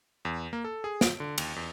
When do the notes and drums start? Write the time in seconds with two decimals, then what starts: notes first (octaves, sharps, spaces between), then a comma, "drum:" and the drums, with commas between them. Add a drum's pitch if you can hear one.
0.25 E2
0.53 A#3
0.64 A4
0.84 G#4
1.01 D7, drum: snare
1.20 D3
1.38 D#2, drum: cymbal
1.56 E2